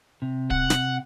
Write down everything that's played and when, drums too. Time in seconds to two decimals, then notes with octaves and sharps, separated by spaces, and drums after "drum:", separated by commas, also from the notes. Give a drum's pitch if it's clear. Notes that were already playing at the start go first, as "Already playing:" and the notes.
0.22 C3
0.50 F#5, drum: kick
0.70 drum: snare